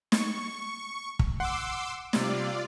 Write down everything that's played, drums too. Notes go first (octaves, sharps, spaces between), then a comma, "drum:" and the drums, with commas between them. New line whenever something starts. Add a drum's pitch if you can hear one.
C#6, drum: snare
drum: kick
F#5 C6 D6 E6
C3 G3 F4 D5, drum: snare